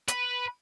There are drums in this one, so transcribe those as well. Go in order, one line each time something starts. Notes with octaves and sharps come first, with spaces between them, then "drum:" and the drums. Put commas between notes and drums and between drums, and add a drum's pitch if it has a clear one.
B4, drum: hi-hat